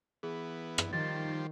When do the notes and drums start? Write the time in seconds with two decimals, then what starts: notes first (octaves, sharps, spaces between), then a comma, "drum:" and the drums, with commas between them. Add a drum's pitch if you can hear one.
0.23 E3 B3 G#4
0.78 drum: rim click
0.93 D#3 F3 G3 C5 A6